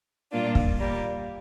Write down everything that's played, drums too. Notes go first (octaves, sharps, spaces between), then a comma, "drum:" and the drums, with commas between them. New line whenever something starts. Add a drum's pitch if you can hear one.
A#2 G3 A#3 D4 F4
drum: kick
A#2 G3 A#3